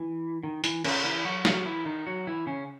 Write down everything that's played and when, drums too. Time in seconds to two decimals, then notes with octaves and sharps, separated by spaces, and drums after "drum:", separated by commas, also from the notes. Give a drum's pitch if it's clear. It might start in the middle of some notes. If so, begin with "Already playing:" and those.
Already playing: E3
0.43 D#3
0.64 E3, drum: hi-hat
0.84 C#3 C#4, drum: cymbal
1.04 E3 E4
1.25 F#3 F#4
1.45 F#3 F#4, drum: snare
1.65 E3 E4
1.85 D#3 D#4
2.07 F#3 F#4
2.27 E3 E4
2.46 C#3 C#4